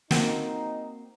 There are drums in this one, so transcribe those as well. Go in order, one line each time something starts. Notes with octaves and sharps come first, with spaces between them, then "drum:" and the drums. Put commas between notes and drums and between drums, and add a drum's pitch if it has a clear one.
A#3 C4 D#4 F#4, drum: snare